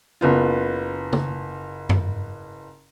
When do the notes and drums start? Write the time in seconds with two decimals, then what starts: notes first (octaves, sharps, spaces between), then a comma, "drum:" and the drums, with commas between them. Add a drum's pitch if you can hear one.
0.21 F#1 B3 F4
1.13 drum: tom C#3
1.89 drum: tom F#2